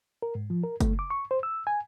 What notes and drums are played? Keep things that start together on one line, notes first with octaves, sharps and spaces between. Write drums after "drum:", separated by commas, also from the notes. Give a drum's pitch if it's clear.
A#4
G#2
F3
A#4
A3, drum: kick F#1, hi-hat
D6
C#6
C5
E6
G#5